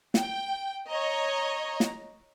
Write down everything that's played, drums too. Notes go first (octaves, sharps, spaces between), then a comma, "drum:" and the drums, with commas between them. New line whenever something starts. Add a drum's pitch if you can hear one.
G5, drum: snare
C#5 D#5 A#5
drum: snare